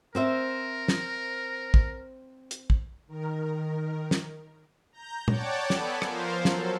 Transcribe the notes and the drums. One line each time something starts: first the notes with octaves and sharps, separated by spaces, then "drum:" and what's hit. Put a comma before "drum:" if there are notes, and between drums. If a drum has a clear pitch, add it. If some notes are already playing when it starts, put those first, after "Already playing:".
C4 A#4 C5 E5
drum: snare
drum: kick
drum: hi-hat
drum: kick
D#3 A#4
drum: snare
A#5 G6
C#5 D5 F#5 G5 A5 D6, drum: tom A#2
B3 A4 G#5 B5, drum: snare
F3 A#4 C5 F5, drum: rim click
F#3 A4, drum: snare